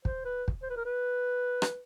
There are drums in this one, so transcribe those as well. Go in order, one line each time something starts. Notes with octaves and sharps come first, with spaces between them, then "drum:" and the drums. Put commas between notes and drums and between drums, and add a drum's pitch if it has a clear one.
C5, drum: kick
B4
drum: kick
C5
B4
A#4
B4
drum: rim click